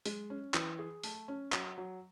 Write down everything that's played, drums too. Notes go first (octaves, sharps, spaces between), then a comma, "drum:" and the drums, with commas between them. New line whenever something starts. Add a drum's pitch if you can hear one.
G#3, drum: open hi-hat
C#4
E3, drum: clap
G#4
A3, drum: open hi-hat
C#4
F#3, drum: clap
F#3